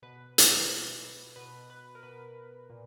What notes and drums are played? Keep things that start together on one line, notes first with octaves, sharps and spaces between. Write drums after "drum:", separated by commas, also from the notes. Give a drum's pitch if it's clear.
B2 B4
drum: hi-hat
B2
B2 B4
B4
A#4
B2 B4
A#2